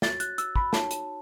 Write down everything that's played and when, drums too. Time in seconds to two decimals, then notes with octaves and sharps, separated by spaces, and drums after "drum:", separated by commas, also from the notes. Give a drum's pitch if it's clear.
0.02 F#4 C#5 A6, drum: snare
0.20 F#6, drum: hi-hat
0.38 E6, drum: hi-hat
0.56 B5, drum: kick
0.73 D#4 F#4 C#5 A5, drum: snare
0.91 drum: hi-hat